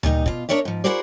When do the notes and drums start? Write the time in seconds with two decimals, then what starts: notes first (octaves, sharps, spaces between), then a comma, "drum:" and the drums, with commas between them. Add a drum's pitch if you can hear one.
0.03 A#2 G3 D#4 D#5, drum: tom D2
0.26 B2 F4, drum: kick
0.49 D4 A#4 C#5 D5 E5
0.65 G#2 F3
0.84 E4 F#4 G#4 A#4 C5 D5